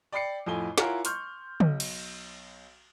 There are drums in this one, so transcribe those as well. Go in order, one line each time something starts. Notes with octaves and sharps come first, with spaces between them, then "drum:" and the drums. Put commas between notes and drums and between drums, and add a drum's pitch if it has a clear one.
D5 G5 B5 D6 C7 C#7
F2 A2 A3 F4 G#5 G7
E4 F4 A#4 C#5 F#5 G#5, drum: snare
C6 C#6 F6 G6, drum: hi-hat
B1, drum: tom
drum: cymbal